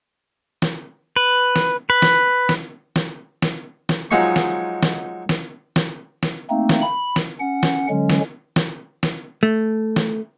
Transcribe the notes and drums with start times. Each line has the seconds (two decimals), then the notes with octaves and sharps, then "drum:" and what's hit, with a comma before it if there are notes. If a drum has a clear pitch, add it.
0.62 drum: snare
1.16 B4
1.56 drum: snare
1.90 B4
2.02 drum: snare
2.49 drum: snare
2.96 drum: snare
3.42 drum: snare
3.89 drum: snare
4.11 F3 F#3 G#3 D#4 B5 C#6
4.36 drum: snare
4.83 drum: snare
5.29 drum: snare
5.76 drum: snare
6.23 drum: snare
6.50 A3 A#3 C4 D#4
6.69 drum: snare
6.82 B5
7.16 drum: snare
7.39 C#4 F#5
7.63 drum: snare
7.90 D3 F#3 G#3 C#4
8.10 drum: snare
8.56 drum: snare
9.03 drum: snare
9.43 A3
9.96 drum: snare